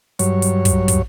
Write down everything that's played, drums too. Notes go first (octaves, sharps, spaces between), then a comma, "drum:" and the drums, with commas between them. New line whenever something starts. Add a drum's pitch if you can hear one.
G2 F#3 C#5, drum: hi-hat
drum: hi-hat
drum: kick, hi-hat
drum: kick, hi-hat